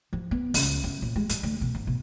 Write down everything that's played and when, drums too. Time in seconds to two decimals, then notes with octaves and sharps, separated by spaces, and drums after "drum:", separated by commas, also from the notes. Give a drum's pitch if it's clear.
0.13 F3
0.31 B3
0.54 C#2, drum: open hi-hat
0.84 F#2
1.02 A#2
1.16 G#3
1.29 G3, drum: hi-hat
1.43 D2
1.61 B2
1.75 G#2
1.87 B2